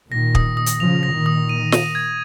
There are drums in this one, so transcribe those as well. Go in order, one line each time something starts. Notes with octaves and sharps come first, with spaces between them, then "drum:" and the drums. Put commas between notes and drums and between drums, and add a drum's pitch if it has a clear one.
A#2 D#3 A#6
D#6, drum: kick
D#6
drum: hi-hat
C#3 F3 F7
A#6
A#2 D#3
D#6
D#7
D#7, drum: snare
G#6